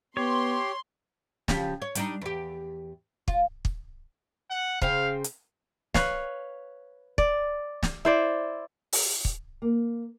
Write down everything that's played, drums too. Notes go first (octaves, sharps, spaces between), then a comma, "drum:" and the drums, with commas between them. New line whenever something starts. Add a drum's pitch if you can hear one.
B3 G4 C#5 C6
C#3 F3 G4, drum: snare
C#5
G3 D4 D#4, drum: hi-hat
E2 G4
F4, drum: kick
drum: kick
F#5
C#3 C5 F5 G5, drum: kick
drum: hi-hat
B4 C#5 F5, drum: snare
D5, drum: kick
drum: snare
E4 C5 D5
drum: open hi-hat
drum: kick
A#3